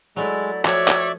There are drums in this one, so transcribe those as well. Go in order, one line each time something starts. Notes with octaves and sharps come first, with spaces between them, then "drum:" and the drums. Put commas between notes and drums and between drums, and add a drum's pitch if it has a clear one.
F#3 G#3 A3 E4 D5
F3 F#4 C#5 D5 E5, drum: clap
drum: clap